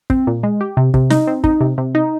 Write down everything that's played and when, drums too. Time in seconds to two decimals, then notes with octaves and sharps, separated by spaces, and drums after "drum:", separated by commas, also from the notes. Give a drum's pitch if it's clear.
0.10 C4, drum: kick
0.27 A#2
0.43 G#3
0.61 G4
0.77 C3
0.94 C3, drum: kick
1.10 D#4, drum: snare
1.27 C4
1.44 D#4, drum: kick
1.61 C3
1.78 C3
1.95 D#4